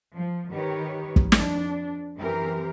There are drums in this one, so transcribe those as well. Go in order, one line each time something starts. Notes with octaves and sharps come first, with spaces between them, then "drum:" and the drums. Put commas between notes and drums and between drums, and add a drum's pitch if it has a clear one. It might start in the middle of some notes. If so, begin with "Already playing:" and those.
F3
D#3 G4 B4 C#5
drum: kick
F2 D4, drum: snare
F#2 E3 C4 G4 A#4